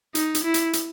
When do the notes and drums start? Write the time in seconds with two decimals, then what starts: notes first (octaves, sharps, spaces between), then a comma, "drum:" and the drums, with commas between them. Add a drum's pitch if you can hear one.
0.15 D#4, drum: hi-hat
0.35 drum: hi-hat
0.44 E4
0.54 drum: hi-hat
0.73 drum: hi-hat